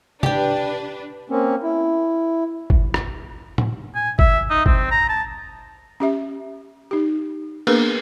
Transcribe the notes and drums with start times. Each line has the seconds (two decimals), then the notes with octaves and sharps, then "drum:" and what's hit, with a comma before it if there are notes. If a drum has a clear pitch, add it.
0.23 D4 G4 B4 D5 G5, drum: tom
1.30 A#3 C4 C#4
1.63 E4
2.70 drum: kick
2.94 drum: rim click
3.58 drum: tom
3.95 G#5
4.19 E5, drum: kick
4.50 D#4
4.66 C4, drum: kick
4.91 A#5
5.09 A5
6.00 C#4 G4 E5
6.91 D#4 G4
7.67 A#3 B3 D4 G#4 A#4 B4, drum: cymbal